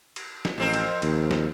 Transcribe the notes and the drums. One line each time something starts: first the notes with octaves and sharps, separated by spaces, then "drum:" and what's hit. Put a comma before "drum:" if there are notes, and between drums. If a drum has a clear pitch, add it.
drum: cymbal
drum: snare
A1 F2 C4 A#4
drum: cymbal
D#2, drum: cymbal
drum: snare